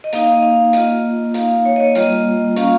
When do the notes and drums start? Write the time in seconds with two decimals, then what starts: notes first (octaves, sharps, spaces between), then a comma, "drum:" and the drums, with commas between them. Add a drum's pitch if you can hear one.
0.04 D#5
0.13 A#3 D#4 F5, drum: hi-hat
0.28 D#5
0.43 F5
0.73 A#3 F4 D#5, drum: hi-hat
1.34 A#3 D#4 F5, drum: hi-hat
1.65 C#5
1.76 D#5
1.80 C#5
1.95 G3 A#3 F4 D#5, drum: hi-hat
2.56 A#3 C#4 F4 F5, drum: hi-hat